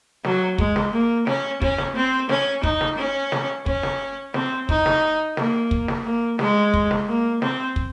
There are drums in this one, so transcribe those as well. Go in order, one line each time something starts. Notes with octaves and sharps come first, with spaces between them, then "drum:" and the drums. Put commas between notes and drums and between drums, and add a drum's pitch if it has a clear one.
F#3, drum: snare
G#3, drum: kick
drum: snare
A#3
C#4, drum: snare
C#4, drum: kick
drum: snare
C4
C#4, drum: snare
D#4, drum: kick
drum: snare
C#4
drum: snare
C#4, drum: kick
drum: snare
C4, drum: snare
D#4, drum: kick
drum: snare
A#3, drum: snare
drum: kick
drum: snare
A#3
G#3, drum: snare
drum: kick
drum: snare
A#3
C4, drum: snare
drum: kick